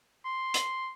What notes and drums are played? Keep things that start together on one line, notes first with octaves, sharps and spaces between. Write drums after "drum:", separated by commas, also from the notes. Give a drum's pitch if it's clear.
C6
drum: hi-hat